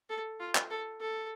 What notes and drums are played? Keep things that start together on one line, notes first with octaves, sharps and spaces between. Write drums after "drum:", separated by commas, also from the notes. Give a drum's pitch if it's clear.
A4
F4
drum: clap
A4
A4